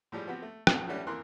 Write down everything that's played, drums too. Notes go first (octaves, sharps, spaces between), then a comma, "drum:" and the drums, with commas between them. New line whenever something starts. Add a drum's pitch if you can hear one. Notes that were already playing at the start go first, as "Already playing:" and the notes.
A2 F3 G3 G#3
F3 B3 C4 F#4 G4
A3
G#1 F2 B2, drum: rim click
G3 A3 C#4 E4 F#4
F2 E3 A#3 A#4 C6 F#6